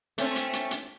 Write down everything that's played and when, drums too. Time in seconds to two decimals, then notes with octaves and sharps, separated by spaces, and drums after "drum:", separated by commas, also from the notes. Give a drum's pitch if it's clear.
0.18 A3 C4 C#4, drum: hi-hat
0.36 drum: hi-hat
0.53 drum: hi-hat
0.71 drum: hi-hat